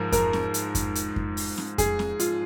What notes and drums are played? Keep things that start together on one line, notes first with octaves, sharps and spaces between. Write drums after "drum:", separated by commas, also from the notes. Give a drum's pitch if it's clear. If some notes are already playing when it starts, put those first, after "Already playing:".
Already playing: G#2 F3 A#4
A#4, drum: kick F2, hi-hat
drum: snare
drum: hi-hat
drum: kick F2, hi-hat
drum: hi-hat
drum: kick F2
drum: open hi-hat
drum: snare
G#4, drum: kick F2, hi-hat
drum: snare
F4, drum: hi-hat